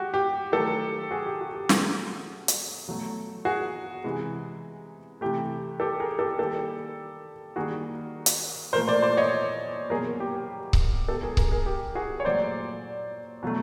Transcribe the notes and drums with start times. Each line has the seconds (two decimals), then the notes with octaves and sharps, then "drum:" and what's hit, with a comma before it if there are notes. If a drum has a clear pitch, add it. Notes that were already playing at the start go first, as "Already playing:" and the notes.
Already playing: G#3 F#4 G4
0.14 G4
0.52 D#3 F#3 A3 G4 A4
1.11 F#4 G#4
1.26 G4
1.41 F#4
1.55 G4
1.69 B2 F#3 A3 F#4 G#4, drum: snare
2.48 drum: hi-hat
2.87 B2 F#3 A3
3.45 F#4 G#4
4.04 C3 E3 G#3
5.21 C3 E3 A3 G4
5.80 G4 A4
6.00 G#4 A#4
6.19 G4 A4
6.38 D#3 G3 A#3 G4 A4
7.56 D#3 G3 A#3 F#4 G#4
8.26 drum: hi-hat
8.73 A#2 F3 A3 A#4 C5
8.88 C5 D5
9.02 C5 D5
9.17 C#5 D#5
9.90 B2 F#3 A#3 G#4 A#4
10.20 G4
10.35 G4
10.73 drum: kick C#1
11.08 B2 G#3 G4 A4
11.23 G#4 A#4
11.37 G#4 A#4, drum: kick C#1
11.51 G#4 A#4
11.66 G4
11.95 F#4 G#4
12.20 C#5
12.25 A#2 F#3 A3 C5 D5
13.43 B2 F#3 A3